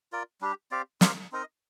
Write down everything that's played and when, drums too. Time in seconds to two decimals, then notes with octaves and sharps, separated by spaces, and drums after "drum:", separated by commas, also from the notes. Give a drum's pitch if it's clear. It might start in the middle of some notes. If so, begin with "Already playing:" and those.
0.12 F4 A#4 D5
0.41 G3 D4 G4
0.71 C4 G4 D5 F5
1.01 C4 G4 A#4 F5, drum: snare
1.32 C4 D#4 A#4 D#5